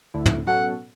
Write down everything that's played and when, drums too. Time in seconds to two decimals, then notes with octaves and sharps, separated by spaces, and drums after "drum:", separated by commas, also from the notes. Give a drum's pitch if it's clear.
0.14 D2 D3 A3 E4
0.26 drum: tom
0.47 B2 F#3 C#4 F#4 A4 F#5